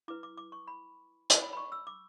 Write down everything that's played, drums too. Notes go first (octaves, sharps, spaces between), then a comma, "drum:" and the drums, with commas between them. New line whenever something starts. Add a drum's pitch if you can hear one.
E4 B4 D6
D6
D6
C#6
B5
drum: hi-hat
B5
B5
C#6
E6
D6